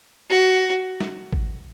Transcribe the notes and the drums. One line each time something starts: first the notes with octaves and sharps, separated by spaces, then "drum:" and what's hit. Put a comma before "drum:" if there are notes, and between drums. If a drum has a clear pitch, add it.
F#4
drum: snare
drum: kick